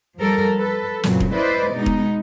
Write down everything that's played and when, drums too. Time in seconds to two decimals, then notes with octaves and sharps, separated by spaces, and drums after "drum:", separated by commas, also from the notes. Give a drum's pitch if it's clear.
0.18 F3 G3 A4 A#4
0.57 A4 B4
1.03 F#2 A#2 C#3 F#3 C4, drum: snare
1.20 drum: kick E1
1.34 E4 B4 C5 D5 D#5
1.72 B2 G#3 B3 D#4
1.86 drum: kick E1